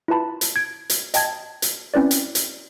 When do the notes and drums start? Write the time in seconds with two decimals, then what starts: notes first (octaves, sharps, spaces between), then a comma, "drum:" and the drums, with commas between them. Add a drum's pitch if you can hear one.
0.08 E4 F4 B4 A5 B5
0.41 drum: hi-hat
0.56 G#6 D7
0.90 drum: hi-hat
1.14 D#5 G5 A5 G#6, drum: hi-hat
1.62 drum: hi-hat
1.94 C4 C#4 E4 B4 D5
2.11 drum: hi-hat
2.35 drum: hi-hat